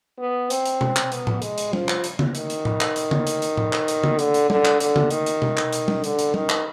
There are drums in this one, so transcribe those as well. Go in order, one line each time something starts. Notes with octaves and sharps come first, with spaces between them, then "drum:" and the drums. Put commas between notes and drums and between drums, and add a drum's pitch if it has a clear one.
B3
C4, drum: hi-hat
drum: hi-hat
drum: tom B2
drum: clap
B3, drum: hi-hat
drum: tom A2
G#3, drum: hi-hat
drum: hi-hat
F3, drum: tom G3
drum: clap
drum: hi-hat
drum: tom C#3
D#3, drum: hi-hat
drum: hi-hat
drum: tom A2
drum: clap
drum: hi-hat
drum: tom C#3
drum: hi-hat
drum: hi-hat
drum: tom A2
drum: clap
drum: hi-hat
drum: tom C#3
D3, drum: hi-hat
drum: hi-hat
D3, drum: tom G3
drum: clap
D3, drum: hi-hat
drum: tom C#3
D#3, drum: hi-hat
drum: hi-hat
drum: tom B2
drum: clap
drum: hi-hat
drum: tom G3
D3, drum: hi-hat
drum: hi-hat
D#3, drum: tom G3
drum: clap